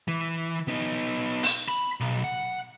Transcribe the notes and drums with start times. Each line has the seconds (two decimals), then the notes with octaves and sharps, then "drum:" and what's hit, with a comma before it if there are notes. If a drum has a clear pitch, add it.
0.08 E3
0.68 B3 D#4
1.43 drum: open hi-hat
1.68 B5
2.00 B1
2.24 F#5